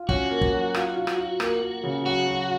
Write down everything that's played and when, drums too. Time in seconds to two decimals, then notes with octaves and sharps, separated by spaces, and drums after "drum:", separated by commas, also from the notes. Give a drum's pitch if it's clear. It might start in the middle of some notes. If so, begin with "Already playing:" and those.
Already playing: F4
0.09 C#4 F#4, drum: kick
0.30 A#3
0.41 drum: kick
0.53 F#3
0.74 F4, drum: rim click
0.96 F4
1.07 drum: rim click
1.17 F4
1.40 A#3, drum: rim click
1.62 A#3
1.84 C#3
2.06 F#3 F#4
2.27 F#3